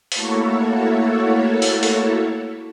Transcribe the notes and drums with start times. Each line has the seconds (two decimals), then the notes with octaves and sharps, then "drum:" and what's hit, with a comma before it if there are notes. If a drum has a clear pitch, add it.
0.12 A3 A#3 E4 F#4 A4 C#5, drum: open hi-hat
1.62 drum: open hi-hat
1.83 drum: open hi-hat